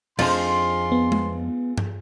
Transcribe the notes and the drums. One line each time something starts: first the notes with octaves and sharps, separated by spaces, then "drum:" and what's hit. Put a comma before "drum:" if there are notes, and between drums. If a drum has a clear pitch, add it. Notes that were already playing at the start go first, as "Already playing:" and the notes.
F2 D4 D#4 F4 G#4 C5 C6, drum: cymbal
B3
drum: tom G#3
drum: tom G2